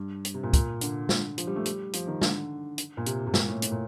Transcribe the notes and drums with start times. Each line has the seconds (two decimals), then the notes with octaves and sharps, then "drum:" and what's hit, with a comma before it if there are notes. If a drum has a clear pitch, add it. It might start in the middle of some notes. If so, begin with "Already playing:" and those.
Already playing: G2
0.25 drum: hi-hat
0.34 C3
0.43 A#2
0.53 A#2, drum: kick, hi-hat
0.81 D3, drum: hi-hat
1.09 drum: snare
1.38 F3, drum: hi-hat
1.47 G3
1.56 A3
1.66 G3, drum: hi-hat
1.93 F3, drum: hi-hat
2.07 D#3
2.22 D3, drum: snare
2.78 drum: hi-hat
2.97 A#2
3.06 C3, drum: hi-hat
3.27 C3
3.34 A#2, drum: snare
3.49 A2
3.62 A2, drum: hi-hat
3.71 A#2